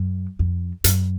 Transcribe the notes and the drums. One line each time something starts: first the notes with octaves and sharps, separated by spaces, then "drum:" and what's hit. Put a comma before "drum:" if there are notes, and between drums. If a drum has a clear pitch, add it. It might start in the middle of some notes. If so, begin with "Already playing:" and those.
Already playing: F#2
F2
F#2, drum: hi-hat